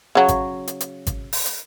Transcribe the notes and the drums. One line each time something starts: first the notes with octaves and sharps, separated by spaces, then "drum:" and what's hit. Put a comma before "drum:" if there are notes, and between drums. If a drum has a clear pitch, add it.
C#3 F#3
drum: kick G#1, hi-hat
drum: hi-hat
drum: hi-hat
drum: kick G#1, hi-hat
drum: open hi-hat
drum: hi-hat